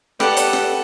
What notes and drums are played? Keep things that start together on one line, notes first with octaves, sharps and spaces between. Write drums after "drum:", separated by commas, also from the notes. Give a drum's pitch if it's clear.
G4 A4 B4 D5 F#5, drum: rim click
drum: hi-hat
drum: rim click